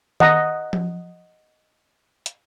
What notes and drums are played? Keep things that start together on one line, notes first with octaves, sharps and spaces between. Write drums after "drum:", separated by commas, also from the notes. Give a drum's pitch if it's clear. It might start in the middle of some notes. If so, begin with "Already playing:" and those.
D#5 F#5 A#5 D#6, drum: tom D#3
drum: tom F3
drum: hi-hat